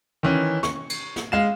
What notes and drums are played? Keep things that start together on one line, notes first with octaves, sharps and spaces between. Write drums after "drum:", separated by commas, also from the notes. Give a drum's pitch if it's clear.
D#3 E3 C#4
C#6, drum: snare
drum: cymbal
drum: snare
G#3 F5 E7